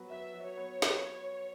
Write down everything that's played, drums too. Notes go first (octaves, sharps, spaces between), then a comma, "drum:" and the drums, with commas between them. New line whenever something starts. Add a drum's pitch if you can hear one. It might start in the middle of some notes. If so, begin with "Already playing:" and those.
Already playing: F#3 B3 B4
B4 E5
F#3
C#5
B3
drum: snare